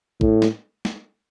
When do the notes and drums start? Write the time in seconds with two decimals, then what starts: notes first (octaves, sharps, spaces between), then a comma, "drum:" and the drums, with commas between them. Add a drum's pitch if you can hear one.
0.21 A2, drum: kick
0.42 drum: snare
0.85 drum: snare